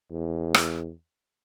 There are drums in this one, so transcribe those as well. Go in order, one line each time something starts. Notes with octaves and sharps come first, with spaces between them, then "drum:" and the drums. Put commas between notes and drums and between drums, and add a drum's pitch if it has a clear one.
E2
drum: rim click